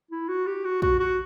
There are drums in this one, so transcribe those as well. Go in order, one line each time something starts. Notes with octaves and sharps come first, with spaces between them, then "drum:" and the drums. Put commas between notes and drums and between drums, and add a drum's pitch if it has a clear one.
E4
F#4
G4
F#4
F#4, drum: kick
F#4